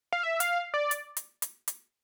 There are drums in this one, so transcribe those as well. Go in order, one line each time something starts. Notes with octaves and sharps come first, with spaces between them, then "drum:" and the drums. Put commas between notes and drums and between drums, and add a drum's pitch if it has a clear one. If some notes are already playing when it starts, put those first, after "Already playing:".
F5
E5
F5, drum: hi-hat
D5
drum: hi-hat
drum: hi-hat
drum: hi-hat
drum: hi-hat